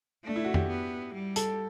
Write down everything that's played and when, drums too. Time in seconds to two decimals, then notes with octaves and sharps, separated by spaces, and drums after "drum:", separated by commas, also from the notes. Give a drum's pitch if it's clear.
0.25 A3 D4
0.36 E4
0.45 F#4
0.54 G4, drum: tom F2
0.69 B3
1.14 G3
1.36 A4, drum: hi-hat